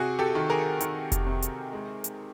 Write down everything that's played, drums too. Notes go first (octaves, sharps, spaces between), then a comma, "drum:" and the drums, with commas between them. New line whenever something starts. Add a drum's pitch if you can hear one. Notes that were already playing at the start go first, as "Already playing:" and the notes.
Already playing: C3 F#4 G#4
G4 A4
D#3
G#4 A#4
D#3, drum: hi-hat
drum: kick F1, hi-hat
C3
drum: hi-hat
G#3
drum: hi-hat